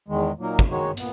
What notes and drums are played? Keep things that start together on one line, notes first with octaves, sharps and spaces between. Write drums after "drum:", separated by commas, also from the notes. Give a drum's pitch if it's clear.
E2 D#3 G#3
A#2 F#3 A#3 D#4 A#4
drum: kick
D#3 G#3 D#4 F#4 C#5
A#2 B3, drum: hi-hat